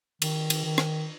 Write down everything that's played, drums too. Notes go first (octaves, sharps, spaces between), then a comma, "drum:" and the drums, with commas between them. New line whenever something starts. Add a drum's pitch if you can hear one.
D#3, drum: cymbal
drum: cymbal
D#3
drum: rim click